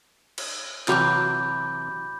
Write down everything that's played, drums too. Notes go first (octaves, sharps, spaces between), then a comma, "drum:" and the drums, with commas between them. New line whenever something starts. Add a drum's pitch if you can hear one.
drum: cymbal
C3 E3 F#3 F5 G5 B5 D6 G6, drum: clap